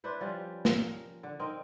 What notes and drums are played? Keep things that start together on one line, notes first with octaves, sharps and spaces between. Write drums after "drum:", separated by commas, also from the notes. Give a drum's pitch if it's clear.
D4 E4 B4 C5
F3 G3 C#4
A#4, drum: snare
D3
C4 D#4 A#4 D#5